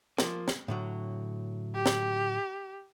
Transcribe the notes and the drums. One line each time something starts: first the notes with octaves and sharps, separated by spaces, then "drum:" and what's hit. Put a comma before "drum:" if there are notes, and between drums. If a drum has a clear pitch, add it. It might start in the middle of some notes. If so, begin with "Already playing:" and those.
F3 A#3, drum: snare
drum: snare
A2 D3 F#3
G4
drum: snare